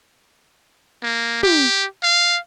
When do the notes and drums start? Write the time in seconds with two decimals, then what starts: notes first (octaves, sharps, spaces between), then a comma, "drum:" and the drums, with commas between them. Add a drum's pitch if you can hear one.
1.03 A#3
1.43 G4, drum: tom
2.03 F5